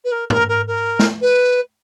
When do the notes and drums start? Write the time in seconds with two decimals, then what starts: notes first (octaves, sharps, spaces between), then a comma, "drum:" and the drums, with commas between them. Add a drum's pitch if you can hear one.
0.04 B4
0.11 A#4
0.30 A#4, drum: tom G#2
0.48 A#4
0.67 A#4
0.99 drum: snare
1.21 B4